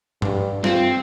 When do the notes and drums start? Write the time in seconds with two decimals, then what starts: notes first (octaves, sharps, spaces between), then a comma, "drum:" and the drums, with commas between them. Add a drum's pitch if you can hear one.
0.22 G2, drum: tom G2
0.64 C4 F4, drum: snare